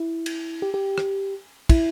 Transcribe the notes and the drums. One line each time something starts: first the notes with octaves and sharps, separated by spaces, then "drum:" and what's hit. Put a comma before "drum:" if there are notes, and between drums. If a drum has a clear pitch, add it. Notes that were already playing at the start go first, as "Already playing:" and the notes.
Already playing: E4
drum: cymbal
G4
G4
drum: rim click
E4, drum: kick, cymbal